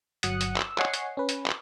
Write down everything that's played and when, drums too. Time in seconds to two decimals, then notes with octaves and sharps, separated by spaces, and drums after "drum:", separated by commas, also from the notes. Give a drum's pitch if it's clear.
0.23 G1 F#3 F#5 D#6 F#6 C#7, drum: hi-hat
0.41 drum: hi-hat
0.57 E6, drum: clap
0.78 C#5 D#5 F#5 G#5 C#6 C7, drum: clap
0.94 drum: hi-hat
1.17 C#4 B4
1.29 drum: hi-hat
1.46 drum: clap